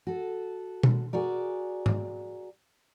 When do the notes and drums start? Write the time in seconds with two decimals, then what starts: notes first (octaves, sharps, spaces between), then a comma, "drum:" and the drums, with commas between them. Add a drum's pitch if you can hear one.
0.07 F#4 A4
0.83 drum: tom B2
1.13 F#4 G#4 A#4 D5
1.86 drum: tom G#2